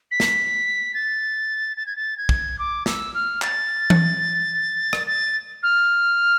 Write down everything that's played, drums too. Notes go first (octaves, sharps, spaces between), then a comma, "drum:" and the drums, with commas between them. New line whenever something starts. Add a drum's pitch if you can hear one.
B6
drum: snare
A6
A6
G#6
A6
G#6
drum: kick
D6
E6, drum: snare
F6
A6, drum: clap
drum: tom E3
drum: rim click
A6
F6